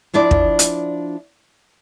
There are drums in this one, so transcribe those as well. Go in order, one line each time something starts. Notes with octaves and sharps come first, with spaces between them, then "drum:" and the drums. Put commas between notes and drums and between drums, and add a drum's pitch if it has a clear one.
F3 D4 E4 D5
drum: kick
drum: hi-hat